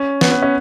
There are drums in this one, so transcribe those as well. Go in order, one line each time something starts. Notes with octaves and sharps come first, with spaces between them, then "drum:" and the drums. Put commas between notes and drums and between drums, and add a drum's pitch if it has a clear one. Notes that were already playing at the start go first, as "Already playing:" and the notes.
Already playing: C#4
B3, drum: snare
B3
C#4